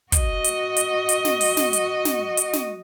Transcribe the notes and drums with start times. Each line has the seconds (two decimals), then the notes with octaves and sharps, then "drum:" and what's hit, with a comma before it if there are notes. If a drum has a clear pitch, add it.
0.12 F#4 D#5, drum: kick, hi-hat
0.44 drum: hi-hat
0.77 drum: hi-hat
1.09 drum: hi-hat
1.25 drum: snare
1.41 drum: open hi-hat
1.57 drum: snare
1.73 drum: hi-hat
2.05 drum: snare
2.37 drum: hi-hat
2.53 drum: snare